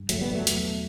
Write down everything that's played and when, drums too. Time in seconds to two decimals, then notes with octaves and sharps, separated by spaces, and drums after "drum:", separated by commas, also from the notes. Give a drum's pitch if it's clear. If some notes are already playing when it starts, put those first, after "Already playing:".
Already playing: G2
0.09 F#3 A3, drum: hi-hat
0.21 G3 B3
0.33 F#3 A3
0.47 E2 B2, drum: hi-hat